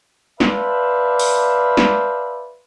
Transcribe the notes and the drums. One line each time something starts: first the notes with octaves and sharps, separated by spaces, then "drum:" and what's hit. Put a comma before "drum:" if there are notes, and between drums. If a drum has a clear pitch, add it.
B4 C5 D5 E5 F5 A5, drum: snare
drum: open hi-hat
drum: snare